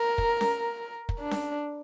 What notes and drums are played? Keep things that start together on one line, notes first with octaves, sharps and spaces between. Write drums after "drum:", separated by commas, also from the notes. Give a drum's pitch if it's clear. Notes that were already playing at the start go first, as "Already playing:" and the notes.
Already playing: A#4
drum: kick
drum: snare C#4
drum: kick
D4
drum: snare C#4